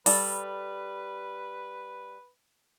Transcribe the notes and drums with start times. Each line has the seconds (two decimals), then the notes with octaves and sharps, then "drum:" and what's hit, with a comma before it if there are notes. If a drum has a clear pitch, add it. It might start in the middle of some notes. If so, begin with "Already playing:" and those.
0.06 G3 A4 B4, drum: open hi-hat